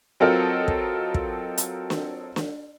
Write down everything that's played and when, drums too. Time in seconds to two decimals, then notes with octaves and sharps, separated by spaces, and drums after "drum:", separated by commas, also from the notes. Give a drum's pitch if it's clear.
0.20 F#3 C4 F4 A4 A#4 D#5
0.68 drum: kick
1.14 drum: kick
1.58 drum: hi-hat
1.90 drum: snare
2.36 drum: snare